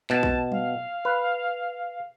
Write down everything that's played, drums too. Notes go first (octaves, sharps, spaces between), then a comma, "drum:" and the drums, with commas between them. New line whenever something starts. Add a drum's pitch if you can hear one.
B2 A5, drum: clap
drum: kick A#1
F5, drum: tom F#3
B4